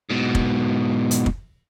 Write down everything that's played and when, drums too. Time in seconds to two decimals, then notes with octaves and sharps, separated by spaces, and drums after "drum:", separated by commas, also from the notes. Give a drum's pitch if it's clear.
0.10 G#2 B2
0.35 drum: kick
1.11 drum: hi-hat
1.26 drum: kick